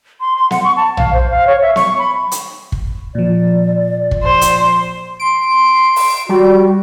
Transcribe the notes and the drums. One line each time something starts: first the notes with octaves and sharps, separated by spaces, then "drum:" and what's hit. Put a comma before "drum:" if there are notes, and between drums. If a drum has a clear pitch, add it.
C6
C6
F#5, drum: snare
C#6
A5
F5, drum: tom A#1
C5
F5
C#5
E5
C#6, drum: snare
B5
drum: hi-hat
drum: kick
A#2 F3 D5
drum: kick
C5
drum: hi-hat
C6 D7
drum: open hi-hat
G3 F#4